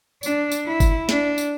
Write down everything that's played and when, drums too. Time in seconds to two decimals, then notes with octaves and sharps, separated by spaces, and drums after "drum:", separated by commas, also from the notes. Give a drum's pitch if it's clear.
0.23 D4, drum: tambourine
0.52 drum: tambourine
0.66 E4
0.80 drum: kick, tambourine
1.09 D4, drum: snare
1.38 drum: tambourine